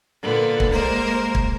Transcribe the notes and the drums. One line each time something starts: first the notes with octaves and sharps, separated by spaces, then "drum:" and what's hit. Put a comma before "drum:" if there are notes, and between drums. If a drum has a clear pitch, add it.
A#2 D3 B3
drum: kick
G#3 A#3 A#4 C5
drum: kick